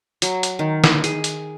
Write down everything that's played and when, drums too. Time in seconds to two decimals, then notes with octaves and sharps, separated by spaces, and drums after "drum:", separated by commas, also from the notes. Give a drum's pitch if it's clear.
0.22 F#3, drum: hi-hat
0.43 drum: hi-hat
0.59 D#3
0.84 drum: snare
1.04 G#4, drum: hi-hat
1.24 drum: hi-hat